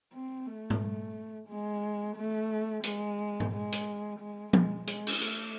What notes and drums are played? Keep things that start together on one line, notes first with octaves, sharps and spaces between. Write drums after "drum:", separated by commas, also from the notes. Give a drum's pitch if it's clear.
C4
A3
drum: tom G#2
G#3
A3
G#3, drum: hi-hat
drum: tom G#2
G#3
drum: hi-hat
G#3
G#3, drum: tom F3
G#3, drum: hi-hat
drum: cymbal
A3, drum: hi-hat